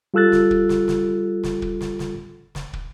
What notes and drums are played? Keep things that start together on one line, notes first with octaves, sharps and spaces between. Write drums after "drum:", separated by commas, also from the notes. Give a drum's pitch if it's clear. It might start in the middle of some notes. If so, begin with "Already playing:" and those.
G3 F4 A4 E6 F#6 A6
drum: snare
drum: kick
drum: snare
drum: snare
drum: snare
drum: kick
drum: snare
drum: snare
drum: snare
drum: kick